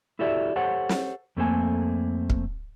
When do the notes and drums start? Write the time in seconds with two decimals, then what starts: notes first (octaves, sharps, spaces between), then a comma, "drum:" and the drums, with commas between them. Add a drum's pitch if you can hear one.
0.19 E4 F#4 G4 A4 D5 E5
0.56 G4 A4 C5 C#5 F#5
0.89 drum: snare
1.37 F2 A3 A#3 C4 A4 G#5
2.30 drum: kick